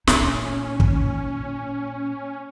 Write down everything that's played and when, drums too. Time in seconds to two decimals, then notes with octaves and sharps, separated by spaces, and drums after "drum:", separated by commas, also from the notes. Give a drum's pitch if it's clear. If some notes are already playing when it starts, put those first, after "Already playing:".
0.07 A#2 C#4 D#4, drum: snare
0.80 drum: kick